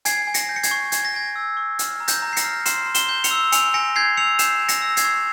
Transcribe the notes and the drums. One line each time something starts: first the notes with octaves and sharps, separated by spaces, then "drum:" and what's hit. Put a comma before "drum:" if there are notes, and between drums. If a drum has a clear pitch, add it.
G#5 G#6 C7, drum: hi-hat
G#5
A#6 C#7, drum: hi-hat
G6
C#7
G#6 C7, drum: hi-hat
C#6
G#5 G#6, drum: hi-hat
A#6
G#5 G#6
E6
C#6
F6, drum: hi-hat
A#5
G6 A#6, drum: hi-hat
A#5
C7
A#6 C#7, drum: hi-hat
F6
C6 C7 E7, drum: hi-hat
C6
E7 G7, drum: hi-hat
G6
C#7 F7, drum: hi-hat
E6
G#5 C#7 F7, drum: hi-hat
G#5 A#6 C#7
G6 G#6 C7
E6 C#7 F7
G6 C7 E7, drum: hi-hat
G#5
A#6 C#7, drum: hi-hat
E6
G#6 C7, drum: hi-hat
C#6